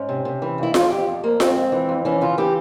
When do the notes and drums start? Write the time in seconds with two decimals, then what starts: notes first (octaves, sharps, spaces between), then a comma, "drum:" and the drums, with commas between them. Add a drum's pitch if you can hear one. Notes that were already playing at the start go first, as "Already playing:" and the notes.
Already playing: G#2 C#4
0.09 C3
0.25 C3
0.42 E3
0.58 F2 E4
0.74 F2 F4, drum: snare F4
0.90 F2 G4
1.07 F2
1.23 F2 A#3
1.40 F2 C4, drum: snare F4
1.56 G#3
1.72 E3
1.89 F2
2.05 E3 C#4
2.21 C#3 F4
2.38 E3 G4